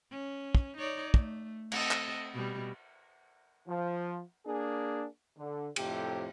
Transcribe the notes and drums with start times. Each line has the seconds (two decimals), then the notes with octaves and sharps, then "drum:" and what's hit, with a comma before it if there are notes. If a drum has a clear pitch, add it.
0.11 C#4
0.55 drum: kick
0.77 D#4 C#5 D5
1.14 A3, drum: kick
1.72 C4 A4 D#5, drum: cymbal
1.91 drum: clap
2.34 B2 G3
3.68 F3
4.46 A#3 D4 G#4
5.38 D3
5.76 F2 A2 C3 G4, drum: cymbal